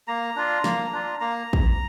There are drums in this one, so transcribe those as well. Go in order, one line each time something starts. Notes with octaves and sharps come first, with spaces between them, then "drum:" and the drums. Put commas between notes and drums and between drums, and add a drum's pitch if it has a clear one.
A#3 A#5
D4 F4
A#3, drum: snare
D4 F4
A#3 A#5
drum: kick